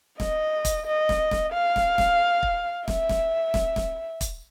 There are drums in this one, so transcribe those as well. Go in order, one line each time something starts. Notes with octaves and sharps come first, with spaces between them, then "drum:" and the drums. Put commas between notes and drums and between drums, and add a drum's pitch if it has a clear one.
D#5, drum: snare
drum: kick, hi-hat
D#5
drum: snare
drum: snare
F5
drum: snare
drum: snare
drum: kick
E5, drum: snare
drum: snare
drum: snare
drum: snare
drum: kick, hi-hat